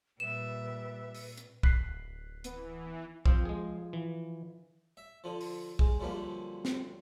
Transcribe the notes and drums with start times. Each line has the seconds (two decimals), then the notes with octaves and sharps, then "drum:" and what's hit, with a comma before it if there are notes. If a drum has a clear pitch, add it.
0.20 A#2 G3 B4 E5 E7
1.14 drum: open hi-hat
1.38 drum: hi-hat
1.63 D1 F#6 B6 C7, drum: kick
2.44 E3 B3, drum: hi-hat
3.26 F3 C4 C5, drum: kick
3.45 G#3 G#4
3.93 E3
4.97 E5
5.24 D3 F3
5.41 drum: open hi-hat
5.79 G#3, drum: kick
6.00 F#2 D3 F3 G3 A#3
6.65 drum: snare